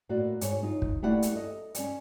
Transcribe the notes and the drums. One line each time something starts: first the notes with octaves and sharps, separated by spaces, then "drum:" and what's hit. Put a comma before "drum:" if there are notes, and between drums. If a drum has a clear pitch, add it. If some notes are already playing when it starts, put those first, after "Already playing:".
A2 A#3 F#4 D5
G#2 C#5, drum: hi-hat
D#4 F4
drum: kick
A3 A#3 E4 G4 D5 F#5
drum: hi-hat
A4 D#5
C#4 D5, drum: hi-hat